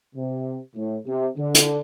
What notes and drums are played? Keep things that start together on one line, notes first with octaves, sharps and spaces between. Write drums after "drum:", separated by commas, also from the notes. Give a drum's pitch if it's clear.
C3
A2
C3
D3
drum: hi-hat